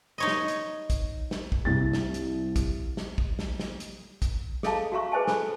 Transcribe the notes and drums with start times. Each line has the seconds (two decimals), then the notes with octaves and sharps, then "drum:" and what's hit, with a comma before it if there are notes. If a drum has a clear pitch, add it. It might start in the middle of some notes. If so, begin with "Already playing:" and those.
0.18 D#4 C#5 D#5
0.27 drum: snare
0.48 drum: hi-hat
0.90 drum: kick, hi-hat
1.31 drum: snare
1.52 drum: kick
1.65 C2 A6
1.93 drum: snare
2.14 drum: hi-hat
2.56 drum: kick, hi-hat
2.97 drum: snare
3.18 drum: kick
3.39 drum: snare
3.60 drum: snare
3.80 drum: hi-hat
4.22 drum: kick, hi-hat
4.63 G#4 A4 D#5 F5 A5 A#5, drum: snare
4.92 F#4 E5 F5 A#5 C#6
5.12 G#4 B4 C5 D#5 G#5 A5
5.28 A4 B5, drum: snare